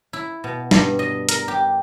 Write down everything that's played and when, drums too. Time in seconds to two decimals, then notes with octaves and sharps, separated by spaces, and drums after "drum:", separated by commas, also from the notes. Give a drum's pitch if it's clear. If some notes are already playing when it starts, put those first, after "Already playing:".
0.13 E4
0.44 B2
0.71 G2, drum: snare
0.99 D#5
1.29 A#4, drum: hi-hat
1.48 G4